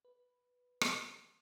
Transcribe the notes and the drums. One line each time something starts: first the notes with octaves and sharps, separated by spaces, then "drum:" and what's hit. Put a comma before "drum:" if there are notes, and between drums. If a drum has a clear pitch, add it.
B4
drum: rim click